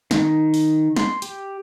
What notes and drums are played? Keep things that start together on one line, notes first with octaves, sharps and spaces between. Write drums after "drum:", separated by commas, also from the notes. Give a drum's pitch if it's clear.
D#3, drum: snare
drum: open hi-hat
C6, drum: snare
G4, drum: hi-hat